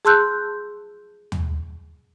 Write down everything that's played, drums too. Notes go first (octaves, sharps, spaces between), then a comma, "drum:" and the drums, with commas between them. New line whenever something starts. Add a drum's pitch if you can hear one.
G#4 A5 C6 E6 F#6 G6
drum: tom